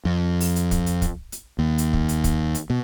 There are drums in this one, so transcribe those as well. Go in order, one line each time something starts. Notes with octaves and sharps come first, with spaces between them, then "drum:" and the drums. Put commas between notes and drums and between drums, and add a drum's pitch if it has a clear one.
F2
drum: open hi-hat
drum: hi-hat
drum: kick, hi-hat
drum: hi-hat
drum: kick, hi-hat
drum: hi-hat
D#2
drum: hi-hat
drum: kick
drum: hi-hat
drum: kick, hi-hat
drum: hi-hat
B2